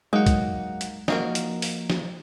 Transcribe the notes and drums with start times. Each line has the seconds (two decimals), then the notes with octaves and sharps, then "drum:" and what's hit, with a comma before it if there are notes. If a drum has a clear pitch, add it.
0.13 F#3 G#3 A#3 D#4 F#5
0.26 drum: kick B1, hi-hat
0.81 drum: hi-hat
1.08 F3 A#3 D#4 F#4 A#4, drum: snare
1.35 drum: hi-hat
1.62 drum: open hi-hat
1.90 drum: snare